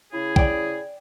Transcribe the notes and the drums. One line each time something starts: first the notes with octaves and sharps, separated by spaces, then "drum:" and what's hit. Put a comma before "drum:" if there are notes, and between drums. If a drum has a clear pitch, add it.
C#3 E4 G#4
D5 G5, drum: kick